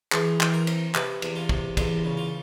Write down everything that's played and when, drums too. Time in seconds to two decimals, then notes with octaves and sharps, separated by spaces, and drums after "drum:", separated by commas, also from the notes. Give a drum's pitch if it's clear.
0.12 E3 G#4, drum: clap
0.40 E3, drum: clap
0.53 A#4
0.67 C4, drum: cymbal
0.95 C3 B4, drum: clap
1.22 E2, drum: cymbal
1.36 F4
1.49 C3, drum: kick
1.77 E2 F4, drum: kick, cymbal
2.04 C#3
2.17 F4